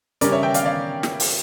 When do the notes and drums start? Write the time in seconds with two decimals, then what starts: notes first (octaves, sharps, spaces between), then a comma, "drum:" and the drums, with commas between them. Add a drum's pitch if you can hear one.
0.21 C#3 G3 C#4 A#4 D5, drum: hi-hat
0.32 C#5 E5
0.42 E5 G5
0.54 D5 F5, drum: hi-hat
0.65 D5 F5
1.03 drum: snare
1.20 drum: open hi-hat